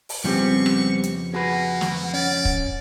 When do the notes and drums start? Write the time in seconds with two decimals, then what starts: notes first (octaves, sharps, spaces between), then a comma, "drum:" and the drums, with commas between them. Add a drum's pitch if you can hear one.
0.09 drum: open hi-hat
0.24 F2 C#3 F3 G3 B3 C4 G4 C#6
0.66 drum: rim click
1.04 drum: hi-hat
1.33 A#3 F#4 G#4 B4 F#5
1.81 drum: snare
2.14 C#4 D5
2.45 drum: kick